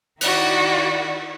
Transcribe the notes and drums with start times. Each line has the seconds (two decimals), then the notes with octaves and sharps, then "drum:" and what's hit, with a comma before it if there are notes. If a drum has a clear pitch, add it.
0.21 D#3 E4 F#4 D5, drum: cymbal